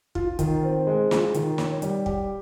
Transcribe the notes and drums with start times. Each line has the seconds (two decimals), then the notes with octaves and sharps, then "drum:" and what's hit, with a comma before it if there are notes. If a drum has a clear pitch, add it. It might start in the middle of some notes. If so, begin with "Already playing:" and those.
0.15 F4, drum: kick
0.39 D#3, drum: kick, hi-hat
0.63 C4
0.87 G#3
1.11 F4, drum: snare
1.34 D#3, drum: hi-hat
1.58 C#5, drum: snare
1.82 G3, drum: hi-hat
2.06 G4, drum: kick